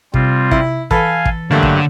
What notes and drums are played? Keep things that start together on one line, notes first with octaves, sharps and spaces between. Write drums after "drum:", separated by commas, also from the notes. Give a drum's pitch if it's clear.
C3 G3 C4 F4, drum: kick
E4, drum: kick
E3 A4 B4 F5 G#5, drum: kick
drum: kick
G2 D3 F#3 A3 A#3 G4
drum: kick